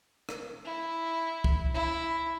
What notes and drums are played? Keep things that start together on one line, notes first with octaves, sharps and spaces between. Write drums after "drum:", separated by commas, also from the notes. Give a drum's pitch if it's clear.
drum: rim click
E4
drum: kick
E4